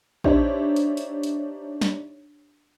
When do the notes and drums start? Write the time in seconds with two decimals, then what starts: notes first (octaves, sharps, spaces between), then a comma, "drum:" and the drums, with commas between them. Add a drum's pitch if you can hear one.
0.24 D4 D#4 G4 C5 C#5 E5, drum: kick A#1
0.76 drum: hi-hat
0.97 drum: hi-hat
1.23 drum: hi-hat
1.81 drum: snare